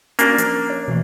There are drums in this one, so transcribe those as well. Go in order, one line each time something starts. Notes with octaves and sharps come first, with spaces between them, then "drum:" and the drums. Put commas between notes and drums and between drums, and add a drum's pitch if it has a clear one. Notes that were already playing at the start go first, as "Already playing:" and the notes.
A#3 C#4 D4 F#4, drum: hi-hat
F3, drum: hi-hat
C#5
B2 E3 A3